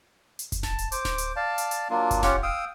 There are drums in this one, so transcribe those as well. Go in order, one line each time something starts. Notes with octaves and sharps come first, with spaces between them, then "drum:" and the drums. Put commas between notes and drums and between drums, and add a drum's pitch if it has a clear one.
drum: hi-hat
drum: kick F#1, hi-hat
A5, drum: snare D1
drum: hi-hat
C5 D6, drum: hi-hat
drum: snare D1
drum: hi-hat
D5 F5 A5
drum: hi-hat
drum: hi-hat
F#3 A#3 D4 F4
drum: kick F#1, hi-hat
C#4 F4 G4 F#5, drum: snare D1
F5 G5 D#6 E6